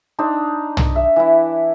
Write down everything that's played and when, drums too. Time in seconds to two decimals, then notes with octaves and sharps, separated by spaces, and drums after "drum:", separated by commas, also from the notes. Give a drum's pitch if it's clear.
0.19 D4 D#4 C5
0.77 drum: tom
0.96 E5
1.16 E3 E4